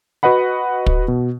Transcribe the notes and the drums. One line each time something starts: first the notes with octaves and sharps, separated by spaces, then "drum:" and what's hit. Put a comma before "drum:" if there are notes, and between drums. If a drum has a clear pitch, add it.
F#4 B4 D#5 F#5 B5
drum: kick
B2